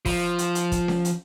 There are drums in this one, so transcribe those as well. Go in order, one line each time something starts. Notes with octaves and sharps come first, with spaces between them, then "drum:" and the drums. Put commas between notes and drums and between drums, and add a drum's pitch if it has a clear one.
F3, drum: kick, open hi-hat
drum: hi-hat
drum: hi-hat
drum: kick, hi-hat
drum: snare C#4
drum: hi-hat